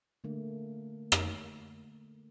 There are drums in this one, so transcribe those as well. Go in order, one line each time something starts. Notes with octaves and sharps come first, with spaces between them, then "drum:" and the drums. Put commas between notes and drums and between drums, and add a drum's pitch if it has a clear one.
D3 A3 A#3
drum: rim click